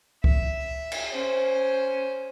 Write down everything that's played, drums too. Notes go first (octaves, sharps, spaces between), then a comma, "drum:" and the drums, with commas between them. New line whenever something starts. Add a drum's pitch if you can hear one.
E5, drum: kick C2
drum: cymbal
C#4 C5